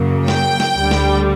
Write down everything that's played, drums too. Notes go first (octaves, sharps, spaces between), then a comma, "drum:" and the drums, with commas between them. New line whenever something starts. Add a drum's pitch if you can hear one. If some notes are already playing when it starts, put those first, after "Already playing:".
Already playing: F#2 C#3 F#3 A#3
G5, drum: snare
drum: snare
D2 D3 G3
drum: snare